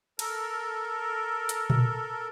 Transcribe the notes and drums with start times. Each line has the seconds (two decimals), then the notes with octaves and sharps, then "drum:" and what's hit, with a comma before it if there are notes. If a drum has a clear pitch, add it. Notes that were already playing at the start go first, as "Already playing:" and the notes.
0.19 A4 A#4, drum: cymbal
1.49 drum: hi-hat
1.70 drum: tom A#2